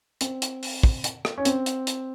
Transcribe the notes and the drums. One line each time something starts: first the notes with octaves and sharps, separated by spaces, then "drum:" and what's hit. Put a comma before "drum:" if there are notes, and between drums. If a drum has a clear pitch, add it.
C4, drum: hi-hat
drum: hi-hat
drum: open hi-hat
drum: kick
drum: hi-hat
drum: rim click
C#4
C4, drum: hi-hat
drum: hi-hat
drum: hi-hat